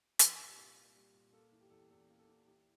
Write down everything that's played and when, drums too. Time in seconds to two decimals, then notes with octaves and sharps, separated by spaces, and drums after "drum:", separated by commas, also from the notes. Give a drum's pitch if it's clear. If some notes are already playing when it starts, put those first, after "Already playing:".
0.19 G3 G4, drum: hi-hat
0.38 A#2
0.47 G4
0.57 C2
0.75 A#3
0.95 G3
1.14 A#2
1.32 A#3 A4
1.52 E3
1.61 G4
1.70 E2 A4
1.78 G4
1.90 E2 A4
2.08 A#3
2.18 A4
2.27 E3
2.46 E3 G4